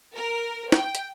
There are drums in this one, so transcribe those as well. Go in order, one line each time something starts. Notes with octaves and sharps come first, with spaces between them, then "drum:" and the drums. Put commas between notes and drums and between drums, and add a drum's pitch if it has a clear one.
A#4
G5, drum: snare
drum: hi-hat